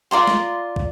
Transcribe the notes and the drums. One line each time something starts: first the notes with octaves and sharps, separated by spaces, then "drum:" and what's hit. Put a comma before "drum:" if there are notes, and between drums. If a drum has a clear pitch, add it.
F4 D5 A#5 C6
drum: snare
drum: kick